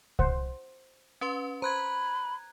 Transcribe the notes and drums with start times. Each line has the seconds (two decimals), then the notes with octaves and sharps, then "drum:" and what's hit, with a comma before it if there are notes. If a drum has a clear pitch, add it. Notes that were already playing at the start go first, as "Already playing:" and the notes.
0.19 C5 F#5, drum: kick C2
1.21 C#4 B4 C6
1.62 C5 A#5 B5 F#6 G#6